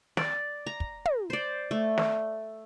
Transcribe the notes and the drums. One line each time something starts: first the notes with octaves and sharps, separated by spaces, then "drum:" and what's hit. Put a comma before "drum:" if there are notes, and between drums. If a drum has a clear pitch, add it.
D5, drum: snare
A#5
drum: kick
drum: tom
C5 D5
A3
drum: snare